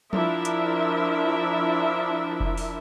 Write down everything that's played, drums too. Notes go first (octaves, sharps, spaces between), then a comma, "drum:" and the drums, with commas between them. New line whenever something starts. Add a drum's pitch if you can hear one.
F3 D4 E4 A#4 E5, drum: tom F3
drum: hi-hat
drum: kick F1
drum: open hi-hat